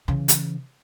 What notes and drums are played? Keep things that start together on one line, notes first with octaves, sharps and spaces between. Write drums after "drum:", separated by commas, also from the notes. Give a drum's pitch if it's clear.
C#3 E3
drum: hi-hat